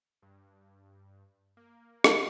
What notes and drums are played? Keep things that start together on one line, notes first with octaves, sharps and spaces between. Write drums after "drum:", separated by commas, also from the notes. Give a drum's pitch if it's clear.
G2
A#3
F6, drum: rim click